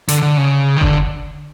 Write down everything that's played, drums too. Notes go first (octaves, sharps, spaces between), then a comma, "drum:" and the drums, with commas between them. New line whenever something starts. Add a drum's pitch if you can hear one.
D3, drum: hi-hat
D3
C#3
D#3
D3, drum: kick F#1